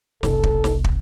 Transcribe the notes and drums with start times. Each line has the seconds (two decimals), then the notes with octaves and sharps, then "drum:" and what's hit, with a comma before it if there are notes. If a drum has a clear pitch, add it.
0.23 F#1 C2 A4, drum: snare
0.43 drum: kick
0.64 drum: snare
0.84 drum: kick